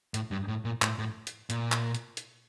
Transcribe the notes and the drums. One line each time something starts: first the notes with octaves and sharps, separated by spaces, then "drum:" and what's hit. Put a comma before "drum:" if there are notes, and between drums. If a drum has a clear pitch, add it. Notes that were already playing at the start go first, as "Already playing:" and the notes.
A2, drum: hi-hat
G2
A2
A#2
A2, drum: clap
A2
drum: hi-hat
A#2, drum: hi-hat
drum: clap
drum: hi-hat
drum: hi-hat